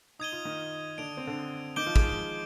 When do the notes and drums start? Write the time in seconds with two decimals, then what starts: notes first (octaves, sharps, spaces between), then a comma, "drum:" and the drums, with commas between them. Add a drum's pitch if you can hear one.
0.19 D#4 D#6 G#6 D#7 G7
0.32 F4
0.45 D#3 D#4
0.98 D3 D4 G#6 D7 F7
1.17 C4
1.27 D3 D4
1.76 D#3 D#4 D6 G6 D7 G7
1.86 F3 F4
1.96 G#3 G#4, drum: kick